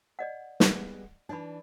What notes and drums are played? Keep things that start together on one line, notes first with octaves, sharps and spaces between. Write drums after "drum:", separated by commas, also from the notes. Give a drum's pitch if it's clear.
D5 D#5 F#5
G3 G#3 B3, drum: snare
E3 D4 D#4 D5 B5